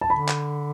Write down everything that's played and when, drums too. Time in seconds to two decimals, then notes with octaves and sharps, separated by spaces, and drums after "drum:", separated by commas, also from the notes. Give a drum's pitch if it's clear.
0.01 A5
0.10 D3 B5
0.29 drum: clap